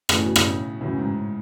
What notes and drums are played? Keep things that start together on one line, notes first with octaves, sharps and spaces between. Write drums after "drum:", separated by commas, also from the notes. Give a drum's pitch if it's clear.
A2 C#3 E3 A3 E4, drum: rim click
B2
A2 C#3, drum: rim click
F#2 A2 C#3 E3
G#2